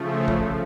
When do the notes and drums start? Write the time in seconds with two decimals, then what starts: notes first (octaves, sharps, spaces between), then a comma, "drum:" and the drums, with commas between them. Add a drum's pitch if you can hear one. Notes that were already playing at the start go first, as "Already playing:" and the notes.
Already playing: C#3 F3 A3
0.28 drum: kick